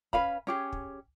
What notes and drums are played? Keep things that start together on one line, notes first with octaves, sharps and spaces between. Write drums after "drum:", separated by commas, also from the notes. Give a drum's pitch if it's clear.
C#4 B4 F5 B5, drum: kick
C#4 G4 G#4
drum: kick